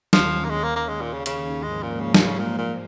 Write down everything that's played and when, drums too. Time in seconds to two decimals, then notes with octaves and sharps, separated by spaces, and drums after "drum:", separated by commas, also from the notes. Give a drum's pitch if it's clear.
0.13 D#2 D#3 F3 C#4, drum: snare
0.45 A#3
0.50 G#3
0.63 A#3
0.76 A#3
0.88 G#3
1.01 A#2
1.13 C#3
1.26 C#3, drum: hi-hat
1.63 G#2 F3 G#3 A#3
1.82 A#2
2.01 C#3
2.14 A#2, drum: snare
2.26 C#3
2.39 A#2
2.58 A#2